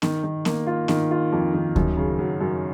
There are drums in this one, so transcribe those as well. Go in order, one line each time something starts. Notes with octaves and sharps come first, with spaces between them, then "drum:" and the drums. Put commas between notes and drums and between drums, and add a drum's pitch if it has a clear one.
D#3, drum: snare B3
D#3
A#3, drum: snare B3
F4
D#3, drum: snare B3
F4
F2
D#3
F#2, drum: kick D2
C#3
F#3
F#2